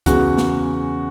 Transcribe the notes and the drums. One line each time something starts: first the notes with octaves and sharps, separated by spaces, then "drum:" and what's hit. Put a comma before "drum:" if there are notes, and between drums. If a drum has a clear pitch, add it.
E2 C#3 G#3 B3 F#4, drum: kick C2, hi-hat
drum: snare